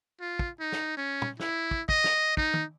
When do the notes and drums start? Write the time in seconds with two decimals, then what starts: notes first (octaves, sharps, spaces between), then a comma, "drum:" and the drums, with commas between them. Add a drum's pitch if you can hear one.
0.21 F4
0.39 drum: kick
0.60 D#4
0.72 drum: snare
0.97 C#4
1.22 drum: tom
1.40 E4, drum: snare
1.71 drum: kick
1.89 D#5, drum: kick
2.04 drum: snare
2.37 D#4, drum: kick
2.54 drum: tom